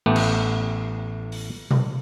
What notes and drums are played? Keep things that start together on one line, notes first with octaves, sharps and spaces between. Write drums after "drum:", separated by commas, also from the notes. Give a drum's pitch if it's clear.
A1 A2 A3 B3 G4 F#5
drum: cymbal
drum: open hi-hat
drum: tom B2